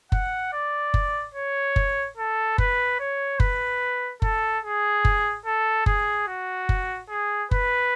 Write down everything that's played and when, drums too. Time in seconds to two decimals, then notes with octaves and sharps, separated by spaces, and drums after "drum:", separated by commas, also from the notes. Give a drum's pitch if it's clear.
0.12 F#5, drum: kick F#1
0.53 D5
0.94 drum: kick F#1
1.34 C#5
1.76 drum: kick F#1
2.17 A4
2.58 B4, drum: kick F#1
3.00 C#5
3.40 B4, drum: kick F#1
4.22 A4, drum: kick F#1
4.64 G#4
5.05 drum: kick F#1
5.46 A4
5.86 G#4, drum: kick F#1
6.28 F#4
6.69 drum: kick F#1
7.09 G#4
7.51 B4, drum: kick F#1